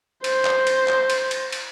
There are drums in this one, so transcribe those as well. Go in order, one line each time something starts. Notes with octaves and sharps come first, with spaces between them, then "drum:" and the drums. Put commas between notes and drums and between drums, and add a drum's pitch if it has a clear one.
C5, drum: cymbal
drum: clap
drum: cymbal
drum: clap
drum: cymbal
drum: cymbal
drum: cymbal